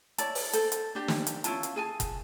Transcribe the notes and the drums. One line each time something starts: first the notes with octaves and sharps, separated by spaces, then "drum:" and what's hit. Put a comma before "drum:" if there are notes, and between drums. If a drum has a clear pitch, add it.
E4 C#5 D5 A5, drum: hi-hat
drum: open hi-hat
A4 C5, drum: hi-hat
drum: hi-hat
D4 G4
drum: snare
drum: hi-hat
C#4 E4 F4 A5, drum: hi-hat
drum: hi-hat
G#4 G#5 A5
drum: kick F#1, hi-hat